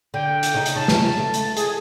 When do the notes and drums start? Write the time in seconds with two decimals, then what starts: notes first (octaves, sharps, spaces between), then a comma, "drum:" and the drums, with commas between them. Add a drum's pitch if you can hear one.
0.14 D3 G5
0.43 drum: hi-hat
0.54 C#3 D#4
0.66 drum: hi-hat
0.76 C#3 A5
0.88 drum: snare
1.18 A3
1.34 drum: hi-hat
1.56 G#4, drum: hi-hat